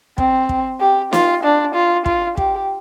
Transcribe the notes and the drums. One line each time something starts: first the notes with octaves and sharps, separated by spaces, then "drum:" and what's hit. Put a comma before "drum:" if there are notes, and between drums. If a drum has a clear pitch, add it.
C4, drum: kick
drum: kick
G4
F4, drum: snare
D4
F4
F4, drum: kick
G4, drum: kick